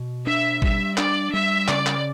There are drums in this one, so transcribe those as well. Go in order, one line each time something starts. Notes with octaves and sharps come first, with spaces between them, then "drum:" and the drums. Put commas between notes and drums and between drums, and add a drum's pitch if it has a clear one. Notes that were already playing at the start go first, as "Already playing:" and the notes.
Already playing: B2
D4 E5
G3 E5, drum: kick
D4 D5, drum: clap
G3 E5
C#3 D5, drum: clap
drum: clap